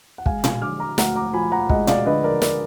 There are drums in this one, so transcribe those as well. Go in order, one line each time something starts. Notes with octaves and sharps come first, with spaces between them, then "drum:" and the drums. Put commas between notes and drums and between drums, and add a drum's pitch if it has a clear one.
F#5
G#3 F5 G#5, drum: kick
F5 G#5, drum: tom A#2
D3 D6 F6
A#5 D6
D2 F#5 A#5, drum: snare
A#5 D6
F3 G#5 B5
F#5 A#5
G#3 D#5 F#5, drum: kick
D5 F5, drum: tom A#2
D3 B4 D#5
A#4 D5
A#4 D5, drum: snare